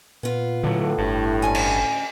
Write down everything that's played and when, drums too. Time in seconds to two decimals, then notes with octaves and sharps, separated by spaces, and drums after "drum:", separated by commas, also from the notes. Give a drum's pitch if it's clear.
0.23 A#2 B3 F4
0.64 A2 D3 F#3
0.98 G1 G2
1.42 D2 C#4 G#5
1.55 drum: cymbal